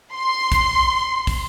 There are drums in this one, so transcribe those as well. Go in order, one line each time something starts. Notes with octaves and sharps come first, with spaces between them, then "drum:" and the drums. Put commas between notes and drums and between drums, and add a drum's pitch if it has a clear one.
C6
drum: kick, hi-hat
drum: kick, open hi-hat